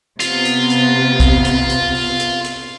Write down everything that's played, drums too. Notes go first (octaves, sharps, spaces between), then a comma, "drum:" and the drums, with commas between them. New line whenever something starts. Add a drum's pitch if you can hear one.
C3 B3 F4, drum: hi-hat
drum: hi-hat
drum: hi-hat
drum: kick, hi-hat
drum: hi-hat
drum: hi-hat
drum: open hi-hat
drum: hi-hat
drum: hi-hat